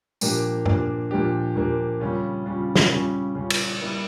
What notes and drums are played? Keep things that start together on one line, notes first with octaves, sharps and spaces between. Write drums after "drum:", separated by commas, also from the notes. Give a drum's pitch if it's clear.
A#2 F3 A#3 D4 G4, drum: tambourine
A#2 F3 A#3 D4 G4, drum: tom
A#2 F3 A#3 D4 G4
A#2 F3 A#3 D4 G4
C#3 G3 C#4 F4
C#3 G3 C#4 F4
drum: snare
C#3 G3 C#4 F4
C#3 G3 C#4 F4
drum: cymbal
G3 A#3 E4